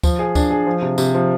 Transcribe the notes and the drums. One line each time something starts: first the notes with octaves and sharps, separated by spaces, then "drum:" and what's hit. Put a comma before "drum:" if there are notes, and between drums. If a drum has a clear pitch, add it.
F3, drum: kick D2, tambourine
G#4
D4, drum: kick D2, tambourine
G#4
F3
C3
C3, drum: tambourine
F3